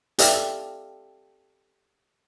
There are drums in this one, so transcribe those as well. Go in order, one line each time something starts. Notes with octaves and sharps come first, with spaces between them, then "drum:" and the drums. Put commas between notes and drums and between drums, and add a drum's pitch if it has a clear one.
G4 A4 D5 E5 F5, drum: hi-hat